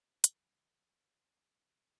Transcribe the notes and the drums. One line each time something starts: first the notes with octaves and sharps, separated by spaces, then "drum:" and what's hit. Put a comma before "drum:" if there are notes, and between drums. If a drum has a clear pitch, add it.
C4 C#4 G4 B4 C#5 D#5
C#3 E3 F3 G3, drum: hi-hat
E5 C6
B4 C#5 A5 E6 A6 A#6
E3 B3 C4 D#4 C#5
B2 E3 E5 F#6